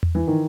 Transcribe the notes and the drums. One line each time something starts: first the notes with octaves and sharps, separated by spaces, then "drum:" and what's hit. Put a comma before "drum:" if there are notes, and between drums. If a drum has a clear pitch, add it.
drum: tom E2
E3
D#3